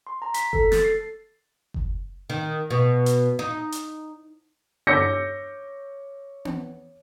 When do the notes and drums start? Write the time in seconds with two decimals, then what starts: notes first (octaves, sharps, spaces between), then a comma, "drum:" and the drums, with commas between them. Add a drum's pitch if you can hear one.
0.07 C6
0.22 A#5
0.34 B6, drum: hi-hat
0.53 A4, drum: kick F#1
0.72 A6, drum: snare
0.84 C7
1.74 drum: kick F#1
2.30 D#3
2.70 B2
3.06 drum: hi-hat
3.39 D#4
3.72 drum: hi-hat
4.87 C#5 D6 E6 G6 A#6 C#7
6.45 drum: tom B3